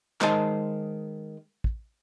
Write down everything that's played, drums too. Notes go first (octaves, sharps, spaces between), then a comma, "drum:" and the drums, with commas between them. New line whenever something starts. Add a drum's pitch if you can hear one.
D#3 G#3 C5 D#5 A5, drum: clap
drum: kick